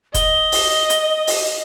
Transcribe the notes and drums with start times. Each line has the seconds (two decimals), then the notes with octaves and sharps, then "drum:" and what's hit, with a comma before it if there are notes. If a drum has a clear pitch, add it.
0.14 D#5 G7, drum: kick F1, hi-hat
0.52 drum: open hi-hat
0.90 drum: hi-hat
1.27 drum: open hi-hat